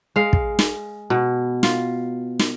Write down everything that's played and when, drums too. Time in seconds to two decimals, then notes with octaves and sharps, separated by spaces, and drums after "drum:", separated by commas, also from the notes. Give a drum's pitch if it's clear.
0.16 G#3 F5
0.33 drum: kick
0.59 drum: snare
1.10 B2
1.63 F4, drum: snare
2.39 drum: snare